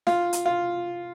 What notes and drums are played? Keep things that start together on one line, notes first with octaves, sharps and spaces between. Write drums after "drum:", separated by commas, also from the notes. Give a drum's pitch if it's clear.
F4, drum: snare
drum: hi-hat
F4